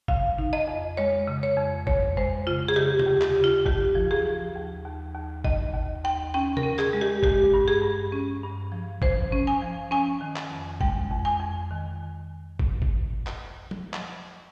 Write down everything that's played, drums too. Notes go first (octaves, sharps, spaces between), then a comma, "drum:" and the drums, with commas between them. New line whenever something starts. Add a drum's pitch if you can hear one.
C#3 F5, drum: kick
D#4
D#5
F2
G#3 C#5
C#3
C#5
F2
F2 C#5, drum: kick
G#3 C5
C#3 F4
G#4
C#3 G4
G4, drum: tom
D#2
G4, drum: clap
C#3
F4
D#2 G4, drum: kick
F3
G#4
F3
D#2
D#2
D#2
D#2 D#5, drum: kick
D#2
D#2 G5
C#4 G5
A#4, drum: tom
C#4
G#4, drum: clap
G#3
G4
G#3 G4, drum: kick
G2
G#4
G2
C#4
G2
F3
F3 C5, drum: kick
C#4
G#5
F3
C#4 G#5
D#3
drum: clap
F2
G#3 G5, drum: kick
F2
G#5
F2
D#3
drum: kick
drum: kick
drum: clap
drum: tom
drum: clap